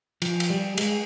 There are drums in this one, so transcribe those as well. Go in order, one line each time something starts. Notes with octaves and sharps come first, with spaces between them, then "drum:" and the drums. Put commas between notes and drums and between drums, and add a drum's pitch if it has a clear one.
F3, drum: cymbal
drum: cymbal
G3
G#3, drum: cymbal